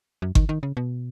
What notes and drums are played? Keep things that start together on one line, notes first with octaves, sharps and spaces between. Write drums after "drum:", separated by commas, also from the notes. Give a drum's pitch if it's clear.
F#2
D#3, drum: kick G1
D#3
C#3
B2